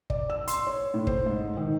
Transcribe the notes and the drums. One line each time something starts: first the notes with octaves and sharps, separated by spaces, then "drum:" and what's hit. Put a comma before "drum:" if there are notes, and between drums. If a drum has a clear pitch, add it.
D5, drum: kick
E6
C6, drum: hi-hat
C#5
A2
C5, drum: kick
G#2
D#3